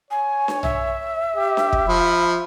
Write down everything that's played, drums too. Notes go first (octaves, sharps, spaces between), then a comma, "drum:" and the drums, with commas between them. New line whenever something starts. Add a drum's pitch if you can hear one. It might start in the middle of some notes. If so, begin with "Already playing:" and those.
C#5 G#5
drum: snare D4
E5, drum: tom B1
G4
drum: snare D4
drum: kick
F3 B5